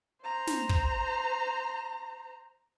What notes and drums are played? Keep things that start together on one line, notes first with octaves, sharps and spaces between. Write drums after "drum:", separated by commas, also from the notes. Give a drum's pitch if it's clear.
C5 A#5
drum: snare
drum: kick